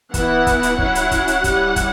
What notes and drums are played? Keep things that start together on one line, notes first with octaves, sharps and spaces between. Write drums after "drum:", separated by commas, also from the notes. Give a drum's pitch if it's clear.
E3 B3 E4 F#5, drum: kick, hi-hat
drum: kick, hi-hat
drum: hi-hat
F#3 C#4 E4, drum: kick
drum: hi-hat
drum: kick, hi-hat
drum: hi-hat
G3 C#4 E4, drum: kick, hi-hat
drum: kick, hi-hat